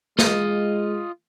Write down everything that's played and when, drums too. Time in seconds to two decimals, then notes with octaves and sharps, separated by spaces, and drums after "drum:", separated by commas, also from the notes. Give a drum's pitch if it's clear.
0.19 G#3 F4 D#5, drum: snare